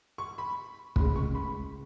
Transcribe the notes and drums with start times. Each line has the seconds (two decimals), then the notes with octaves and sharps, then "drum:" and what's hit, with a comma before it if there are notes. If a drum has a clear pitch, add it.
0.18 C#6
0.38 B5
0.96 C#2 C#3 G#3 B5, drum: kick
1.16 C#6
1.35 B5